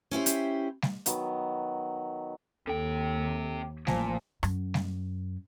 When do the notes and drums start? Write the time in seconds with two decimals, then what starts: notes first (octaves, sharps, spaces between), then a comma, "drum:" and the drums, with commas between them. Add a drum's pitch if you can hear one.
0.11 C#4 E4 G4 C5
0.26 drum: hi-hat
0.82 drum: snare G3
1.06 D#3 F#3 B3, drum: hi-hat
2.67 D#2 C3 A4 G5
3.87 A1 A#2 F3 C5 G#5 A5, drum: snare G3
4.43 F#2, drum: rim click
4.74 drum: snare G3